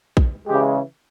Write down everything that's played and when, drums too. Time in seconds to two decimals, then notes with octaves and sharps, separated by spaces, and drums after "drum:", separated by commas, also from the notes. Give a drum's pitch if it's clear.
0.17 drum: kick A#1
0.47 C#3 E3 G#3 G4